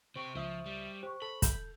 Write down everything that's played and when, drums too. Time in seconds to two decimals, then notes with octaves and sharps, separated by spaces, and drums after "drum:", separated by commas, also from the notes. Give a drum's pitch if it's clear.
0.16 C3 C5 G5 C#6
0.35 C#2 F3 E5 D#6
0.66 G3
1.03 G4 C5 C#6
1.22 A4 B5
1.42 G6, drum: kick, hi-hat